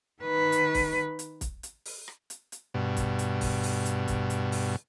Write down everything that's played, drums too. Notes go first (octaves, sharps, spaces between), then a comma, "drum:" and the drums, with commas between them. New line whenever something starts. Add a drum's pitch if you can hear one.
D#3 B4
drum: hi-hat
drum: kick, open hi-hat
drum: hi-hat
drum: kick, hi-hat
drum: hi-hat
drum: open hi-hat
drum: rim click
drum: hi-hat
drum: hi-hat
G2 B2
drum: kick, hi-hat
drum: hi-hat
drum: kick, open hi-hat
drum: open hi-hat
drum: hi-hat
drum: kick, hi-hat
drum: hi-hat
drum: open hi-hat